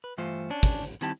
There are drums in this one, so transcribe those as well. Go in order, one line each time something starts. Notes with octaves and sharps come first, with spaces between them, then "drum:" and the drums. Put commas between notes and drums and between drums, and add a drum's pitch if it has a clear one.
B4
G2 E3 A3 F4 C5
C#4 D4
drum: kick, hi-hat
D#3 G3 C4 E4 G4 A5, drum: hi-hat